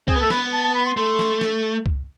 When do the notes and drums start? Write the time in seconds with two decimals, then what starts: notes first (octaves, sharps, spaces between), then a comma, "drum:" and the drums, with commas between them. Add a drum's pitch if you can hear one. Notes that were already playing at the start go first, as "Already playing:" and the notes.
0.08 C4 G#4, drum: kick C2
0.16 B3
0.20 A3 A4
0.30 B3 B4, drum: snare
0.52 A5
0.63 A5
0.75 B5
0.86 C6
0.97 A3 C6
1.19 drum: snare
1.41 drum: snare
1.86 drum: kick C2